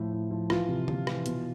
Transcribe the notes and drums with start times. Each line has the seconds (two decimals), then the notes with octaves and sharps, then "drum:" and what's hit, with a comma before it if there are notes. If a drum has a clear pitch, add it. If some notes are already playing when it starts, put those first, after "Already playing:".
Already playing: A2 F3
0.13 A2
0.31 F3
0.50 E3 F4, drum: rim click
0.68 C3
0.88 C3, drum: tom D3
1.07 E3, drum: rim click
1.26 B2, drum: hi-hat